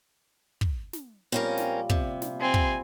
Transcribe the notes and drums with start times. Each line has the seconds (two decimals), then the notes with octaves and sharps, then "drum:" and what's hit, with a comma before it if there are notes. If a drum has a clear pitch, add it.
0.61 drum: kick
0.93 drum: snare
1.32 A#2 F3 G3 C4 C#4 A#4
1.57 drum: snare
1.90 C3, drum: kick
2.22 drum: snare
2.41 C4 G#5
2.54 drum: kick